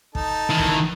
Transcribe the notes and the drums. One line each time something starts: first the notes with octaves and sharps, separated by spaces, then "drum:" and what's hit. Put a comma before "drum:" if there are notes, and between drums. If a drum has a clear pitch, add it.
D#4 A4 A5, drum: kick
D#3 E3
drum: kick